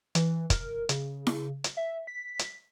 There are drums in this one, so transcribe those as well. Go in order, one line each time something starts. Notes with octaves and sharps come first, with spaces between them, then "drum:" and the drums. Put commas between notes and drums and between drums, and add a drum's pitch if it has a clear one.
E3, drum: hi-hat
A#4, drum: kick, hi-hat
C#3, drum: hi-hat
drum: snare E4
drum: hi-hat
E5
B6
drum: hi-hat